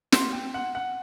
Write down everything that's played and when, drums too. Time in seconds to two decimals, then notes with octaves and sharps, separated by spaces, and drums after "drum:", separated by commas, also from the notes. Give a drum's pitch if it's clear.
0.12 C6, drum: snare
0.33 G5
0.54 F#5
0.75 F#5